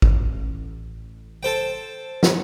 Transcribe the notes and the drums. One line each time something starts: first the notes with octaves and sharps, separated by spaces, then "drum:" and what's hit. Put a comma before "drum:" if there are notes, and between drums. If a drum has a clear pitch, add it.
A1, drum: kick
A4 C5 G5
drum: snare